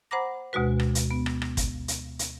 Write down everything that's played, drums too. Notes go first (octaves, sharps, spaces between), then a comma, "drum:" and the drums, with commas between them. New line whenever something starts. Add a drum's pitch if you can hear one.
C5 F#5 A#5 B5 D6 A#6
D2 B2 G#3 F#4 B4
drum: rim click
drum: hi-hat
B3
drum: rim click
drum: rim click
drum: kick, hi-hat
drum: hi-hat
drum: hi-hat